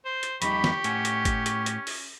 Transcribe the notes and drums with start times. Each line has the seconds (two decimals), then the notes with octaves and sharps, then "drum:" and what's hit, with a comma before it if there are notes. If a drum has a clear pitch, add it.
0.05 C5
0.23 drum: hi-hat
0.42 F2 G3 D#4 G4 B5 C#6, drum: hi-hat
0.64 drum: snare
0.84 A2 C#4 F#5 G#5, drum: hi-hat
1.05 drum: hi-hat
1.25 drum: kick, hi-hat
1.46 drum: hi-hat
1.66 drum: hi-hat
1.87 drum: open hi-hat